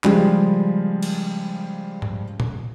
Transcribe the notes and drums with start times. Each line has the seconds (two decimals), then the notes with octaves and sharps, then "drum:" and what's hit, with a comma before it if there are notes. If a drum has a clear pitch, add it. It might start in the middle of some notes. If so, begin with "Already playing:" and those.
0.04 C#3 F3 G3 G#3, drum: clap
1.03 drum: cymbal
2.02 drum: tom G#2
2.40 drum: tom A#2